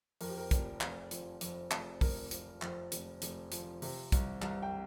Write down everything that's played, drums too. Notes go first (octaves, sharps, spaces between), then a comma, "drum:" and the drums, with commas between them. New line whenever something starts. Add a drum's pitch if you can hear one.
F2 A#4, drum: open hi-hat
G4
A#4
F1, drum: kick, hi-hat
F1, drum: clap
F3, drum: hi-hat
F2, drum: hi-hat
F1, drum: clap
F1 A#4, drum: kick, open hi-hat
F3, drum: hi-hat
F2, drum: clap
F1, drum: hi-hat
F1, drum: hi-hat
F3, drum: hi-hat
C3, drum: open hi-hat
C2, drum: kick, hi-hat
C2, drum: clap
G5